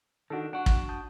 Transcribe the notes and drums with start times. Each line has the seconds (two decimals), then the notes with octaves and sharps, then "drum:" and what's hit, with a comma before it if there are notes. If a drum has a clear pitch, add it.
0.30 D#3 D4 F#4 A4
0.53 D4 F#4 F#5
0.66 drum: kick
0.89 A5 D#6 G6